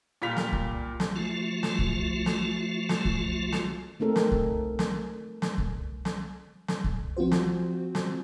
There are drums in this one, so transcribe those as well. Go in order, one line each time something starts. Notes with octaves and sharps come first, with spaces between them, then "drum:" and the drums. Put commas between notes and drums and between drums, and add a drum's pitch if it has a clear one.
A#2 G3 F4 B6 F7
drum: snare
drum: kick C2
drum: snare
F3 A3 F4 F#4
drum: snare
drum: kick C2
drum: snare
drum: snare
drum: kick C2
drum: snare
A3 C4 D#4 A4 A#4
drum: snare
drum: kick C2
drum: snare
drum: snare
drum: kick C2
drum: snare
drum: snare
drum: kick C2
F3 C4 F4 F#4 C5
drum: snare
drum: snare